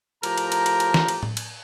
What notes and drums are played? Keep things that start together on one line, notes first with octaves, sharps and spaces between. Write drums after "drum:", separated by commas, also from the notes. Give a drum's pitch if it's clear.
A2 F3 G4 A#4 A#5, drum: cymbal
drum: cymbal
drum: cymbal
drum: cymbal
drum: cymbal
drum: snare
drum: cymbal
drum: tom A2
drum: cymbal